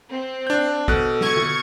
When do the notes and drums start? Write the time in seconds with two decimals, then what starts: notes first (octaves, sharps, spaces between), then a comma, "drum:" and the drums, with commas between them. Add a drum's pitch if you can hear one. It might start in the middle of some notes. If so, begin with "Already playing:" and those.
0.10 C4
0.47 D4 G6
0.88 B2 A4 F#6, drum: kick
1.21 C#6 G#6, drum: snare
1.37 drum: tom